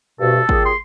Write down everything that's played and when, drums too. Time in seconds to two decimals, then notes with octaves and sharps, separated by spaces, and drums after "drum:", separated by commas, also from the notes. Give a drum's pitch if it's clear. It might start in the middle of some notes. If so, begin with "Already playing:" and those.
0.20 D2 G2 B2 A4
0.49 A#2 G4 G#4, drum: kick G#1
0.65 C6